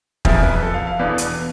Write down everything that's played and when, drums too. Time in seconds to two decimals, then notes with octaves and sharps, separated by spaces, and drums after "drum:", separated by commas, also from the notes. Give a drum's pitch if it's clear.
0.25 F2 C3 F3 B3 E4 G#4, drum: kick
0.43 B4
0.63 A4
0.74 F5
0.87 F5
0.99 E2 B2 B3 D4
1.18 drum: hi-hat